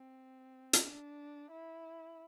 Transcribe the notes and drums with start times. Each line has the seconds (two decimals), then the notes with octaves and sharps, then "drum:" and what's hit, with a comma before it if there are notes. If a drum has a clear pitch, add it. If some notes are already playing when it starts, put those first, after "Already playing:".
Already playing: C4
0.73 drum: hi-hat
0.84 D4
1.51 E4